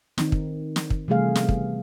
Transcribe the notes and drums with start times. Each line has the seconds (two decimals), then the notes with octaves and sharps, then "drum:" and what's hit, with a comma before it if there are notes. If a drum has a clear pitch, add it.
0.18 D#3 C4 D#4, drum: snare
0.32 drum: kick
0.76 drum: snare
0.90 drum: kick
1.08 C3 E3 G3 A3 G#4 F5
1.35 B3, drum: snare
1.49 drum: kick